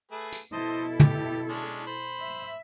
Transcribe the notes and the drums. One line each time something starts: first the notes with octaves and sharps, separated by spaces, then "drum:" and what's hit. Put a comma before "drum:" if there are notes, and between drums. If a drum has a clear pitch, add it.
A3 G#4 B4
drum: tambourine
B2 E4 A4 C5 D#5 A5
G4, drum: tom
G#3 C#4 D4
C5 B5
E5